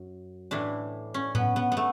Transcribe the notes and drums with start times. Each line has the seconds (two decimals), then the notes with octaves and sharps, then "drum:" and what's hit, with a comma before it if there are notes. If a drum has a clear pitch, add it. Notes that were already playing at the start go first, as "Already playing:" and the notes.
Already playing: F#2
0.51 A2 E3 D4
1.14 C#4
1.35 B3, drum: tom A2
1.56 B3
1.72 B3
1.77 A3